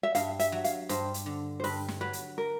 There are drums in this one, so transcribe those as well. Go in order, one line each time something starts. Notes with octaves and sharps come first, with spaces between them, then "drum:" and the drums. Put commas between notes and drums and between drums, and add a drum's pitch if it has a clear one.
E5
G2 F5, drum: hi-hat
E5, drum: hi-hat
F#3
F5, drum: hi-hat
G2 C5, drum: hi-hat
drum: hi-hat
D3
C5
G2 B4, drum: open hi-hat
drum: snare
F#3 B4
drum: hi-hat
A#4